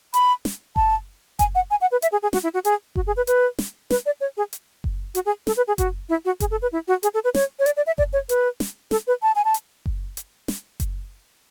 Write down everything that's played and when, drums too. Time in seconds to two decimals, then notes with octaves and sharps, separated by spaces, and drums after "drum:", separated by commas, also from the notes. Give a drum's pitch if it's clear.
0.14 B5, drum: hi-hat
0.45 drum: snare
0.76 A5, drum: kick F#1
1.39 G#5, drum: kick F#1, hi-hat
1.55 F#5
1.71 G#5
1.81 F#5
1.92 B4
2.02 E5, drum: hi-hat
2.12 G#4
2.23 G#4
2.33 F#4, drum: snare
2.43 E4
2.54 F#4
2.65 G#4, drum: hi-hat
2.96 F#4, drum: kick F#1
3.07 G#4
3.17 B4
3.27 B4, drum: hi-hat
3.59 drum: snare
3.91 B4, drum: snare
4.06 D5
4.21 C#5
4.37 G#4
4.53 drum: hi-hat
4.84 drum: kick F#1
5.15 F#4, drum: hi-hat
5.26 G#4
5.47 A4, drum: snare
5.57 B4
5.68 G#4
5.78 F#4, drum: kick F#1, hi-hat
6.09 E4
6.25 F#4
6.40 G#4, drum: kick F#1, hi-hat
6.51 A4
6.62 B4
6.72 E4
6.88 F#4
7.03 G#4, drum: hi-hat
7.14 A4
7.24 B4
7.35 C#5, drum: snare
7.59 C#5
7.66 D5, drum: hi-hat
7.77 D5
7.87 E5
7.98 D5, drum: kick F#1
8.13 C#5
8.29 B4, drum: hi-hat
8.60 drum: snare
8.91 A4, drum: snare
9.07 B4
9.22 A5
9.36 G#5
9.45 A5
9.54 drum: hi-hat
9.86 drum: kick F#1
10.17 drum: hi-hat
10.48 drum: snare
10.80 drum: kick F#1, hi-hat